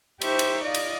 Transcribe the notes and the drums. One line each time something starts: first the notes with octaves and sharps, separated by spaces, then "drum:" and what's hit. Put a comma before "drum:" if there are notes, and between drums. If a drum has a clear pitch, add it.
D#4 G4 C5 E5 C#6, drum: cymbal
drum: cymbal
D5 D#5 F5
drum: cymbal